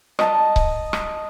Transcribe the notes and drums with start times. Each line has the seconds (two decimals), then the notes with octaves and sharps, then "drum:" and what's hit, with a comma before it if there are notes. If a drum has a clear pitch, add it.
0.19 D#5 A5 A#5, drum: rim click
0.56 drum: kick C#1
0.93 drum: rim click